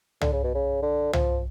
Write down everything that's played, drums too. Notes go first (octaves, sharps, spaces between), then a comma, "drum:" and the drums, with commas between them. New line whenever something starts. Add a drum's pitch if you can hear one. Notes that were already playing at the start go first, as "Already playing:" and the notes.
D3, drum: tom C2
C#3
B2
C#3
D3
F3, drum: tom C2